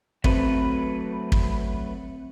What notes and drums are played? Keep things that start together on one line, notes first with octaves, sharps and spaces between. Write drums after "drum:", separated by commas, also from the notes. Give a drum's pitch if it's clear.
F#3 A3 C4 B4, drum: kick
drum: kick